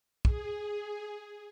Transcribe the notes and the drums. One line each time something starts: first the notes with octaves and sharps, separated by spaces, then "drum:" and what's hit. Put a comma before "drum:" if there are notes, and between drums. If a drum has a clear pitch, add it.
G#4, drum: kick